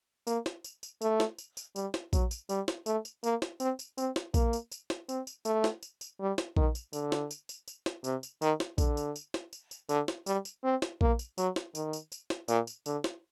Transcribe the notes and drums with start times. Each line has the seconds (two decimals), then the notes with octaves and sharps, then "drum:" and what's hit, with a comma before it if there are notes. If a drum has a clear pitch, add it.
0.27 A#3, drum: tambourine
0.46 drum: snare
0.64 drum: tambourine
0.83 drum: tambourine
1.02 A3, drum: tambourine
1.20 drum: snare
1.38 drum: tambourine
1.57 drum: tambourine
1.76 G3, drum: tambourine
1.94 drum: snare
2.13 F#3, drum: kick A#1, tambourine
2.31 drum: tambourine
2.49 G3, drum: tambourine
2.68 drum: snare
2.86 A3, drum: tambourine
3.05 drum: tambourine
3.24 A#3, drum: tambourine
3.42 drum: snare
3.60 C4, drum: tambourine
3.79 drum: tambourine
3.98 C4, drum: tambourine
4.16 drum: snare
4.34 A#3, drum: kick A#1, tambourine
4.53 drum: tambourine
4.72 drum: tambourine
4.90 drum: snare
5.09 C4, drum: tambourine
5.27 drum: tambourine
5.45 A3, drum: tambourine
5.64 drum: snare
5.83 drum: tambourine
6.01 drum: tambourine
6.20 G3
6.38 drum: snare
6.57 D#3, drum: kick A#1
6.75 drum: tambourine
6.93 D3, drum: tambourine
7.12 drum: snare
7.31 drum: tambourine
7.49 drum: tambourine
7.68 drum: tambourine
7.86 drum: snare
8.04 C3, drum: tambourine
8.23 drum: tambourine
8.42 D#3, drum: tambourine
8.60 drum: snare
8.78 D3, drum: kick A#1, tambourine
8.97 drum: tambourine
9.16 drum: tambourine
9.34 drum: snare
9.53 drum: tambourine
9.71 drum: tambourine
9.89 D3, drum: tambourine
10.08 drum: snare
10.26 G3, drum: tambourine
10.45 drum: tambourine
10.64 C4
10.82 drum: snare
11.01 A#3, drum: kick A#1
11.19 drum: tambourine
11.38 F#3, drum: tambourine
11.56 drum: snare
11.75 D#3, drum: tambourine
11.93 drum: tambourine
12.12 drum: tambourine
12.30 drum: snare
12.48 A#2, drum: tambourine
12.67 drum: tambourine
12.86 D3, drum: tambourine
13.04 drum: snare